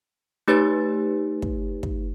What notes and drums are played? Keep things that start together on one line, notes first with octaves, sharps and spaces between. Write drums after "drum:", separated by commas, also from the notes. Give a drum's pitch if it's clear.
A3 D#4 G4 B4 C#5 A6
drum: kick
drum: kick